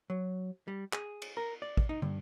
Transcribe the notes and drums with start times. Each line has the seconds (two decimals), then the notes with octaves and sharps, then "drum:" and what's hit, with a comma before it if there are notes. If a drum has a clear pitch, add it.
0.10 F#3
0.68 G3
0.93 G#4, drum: clap
1.22 drum: cymbal
1.37 A#4
1.62 D5
1.77 drum: kick
1.89 D#4
2.02 G2, drum: tom